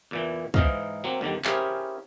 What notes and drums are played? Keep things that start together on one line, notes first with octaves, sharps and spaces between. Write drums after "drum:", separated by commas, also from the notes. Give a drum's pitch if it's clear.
E2 A#2 E3
G#2 E3 D#4 D#5 F5 A#5, drum: kick
F#3 A#3 C4
E2 D3 D#3 G3
C#4 E4 G4 G#4 A#4 C5, drum: clap